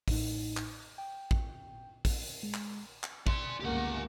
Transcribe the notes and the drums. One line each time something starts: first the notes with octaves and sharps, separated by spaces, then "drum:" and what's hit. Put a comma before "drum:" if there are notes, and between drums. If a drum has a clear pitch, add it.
A1 A2 D#4, drum: kick, open hi-hat
drum: clap
G5
drum: kick
drum: kick, open hi-hat
G#3
drum: clap
drum: clap
D5 C6, drum: kick
G1 C#2 A#3 G4 F#5